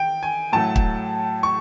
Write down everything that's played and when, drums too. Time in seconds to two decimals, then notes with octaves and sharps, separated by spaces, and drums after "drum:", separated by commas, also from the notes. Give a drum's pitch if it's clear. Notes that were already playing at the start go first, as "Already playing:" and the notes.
Already playing: D#3 G5
0.23 G#5
0.52 A2 F#3 A3 A5
0.76 drum: kick
1.43 C#6